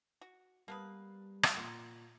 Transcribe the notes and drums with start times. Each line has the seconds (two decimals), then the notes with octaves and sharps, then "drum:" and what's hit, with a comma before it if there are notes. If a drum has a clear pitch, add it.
0.21 F#4
0.68 G3 A#3 B3 B4 A5 D#6
1.43 drum: rim click
1.57 A#2 F4 F#5 A#5 C6